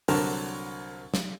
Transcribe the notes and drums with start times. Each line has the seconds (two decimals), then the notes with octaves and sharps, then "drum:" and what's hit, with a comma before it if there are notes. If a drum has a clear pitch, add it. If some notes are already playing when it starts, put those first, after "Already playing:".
0.08 C2 D3 F#3 C4 A#4 A5, drum: open hi-hat
1.14 drum: snare